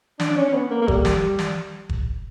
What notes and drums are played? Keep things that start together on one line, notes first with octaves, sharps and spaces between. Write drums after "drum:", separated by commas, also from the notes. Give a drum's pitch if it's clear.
D4, drum: snare
D4
C#4
C#4
B3
A#3
A#3
G3, drum: kick
drum: snare
drum: snare
drum: kick